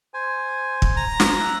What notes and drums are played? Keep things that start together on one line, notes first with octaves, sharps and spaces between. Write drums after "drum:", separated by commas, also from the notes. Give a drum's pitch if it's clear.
C5 G#5
drum: kick
A#5
C5, drum: snare
E5 F#6